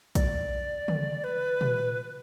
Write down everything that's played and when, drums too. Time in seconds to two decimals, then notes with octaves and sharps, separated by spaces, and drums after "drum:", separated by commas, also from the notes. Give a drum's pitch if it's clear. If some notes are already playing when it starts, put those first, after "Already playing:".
0.15 D5, drum: kick, hi-hat
0.88 drum: tom
1.24 B4
1.61 drum: tom A#2